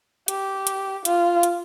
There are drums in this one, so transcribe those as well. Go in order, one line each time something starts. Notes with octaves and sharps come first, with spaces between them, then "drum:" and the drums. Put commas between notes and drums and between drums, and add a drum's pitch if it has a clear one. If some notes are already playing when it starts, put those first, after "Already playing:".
G4, drum: hi-hat
drum: hi-hat
F4, drum: hi-hat
drum: hi-hat